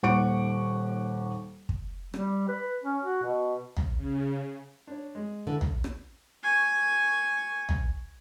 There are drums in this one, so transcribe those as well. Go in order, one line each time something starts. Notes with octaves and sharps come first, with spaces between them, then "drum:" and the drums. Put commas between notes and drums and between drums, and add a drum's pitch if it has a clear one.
D#1 D#2 F#5 C#6 D6 D7
drum: kick
G3, drum: rim click
B4
C#4
F#4
B2
drum: tom
C#3
D4 C#5
G#3
D3 E3 A4
drum: tom
drum: rim click
G#5 C#6
drum: tom